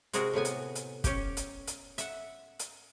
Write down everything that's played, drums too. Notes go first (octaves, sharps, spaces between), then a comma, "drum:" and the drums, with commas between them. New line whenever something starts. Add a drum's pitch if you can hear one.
C3 G#3 F#4 G#4 A#4, drum: hi-hat
A2 C3 B3 G#5
drum: hi-hat
drum: hi-hat
C#4 G4, drum: kick, hi-hat
drum: hi-hat
drum: hi-hat
E5 F#5, drum: hi-hat
drum: hi-hat